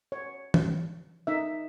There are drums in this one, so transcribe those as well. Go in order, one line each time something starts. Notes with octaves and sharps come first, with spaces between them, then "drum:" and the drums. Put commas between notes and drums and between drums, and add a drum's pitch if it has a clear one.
C#5
drum: tom
D#4 E5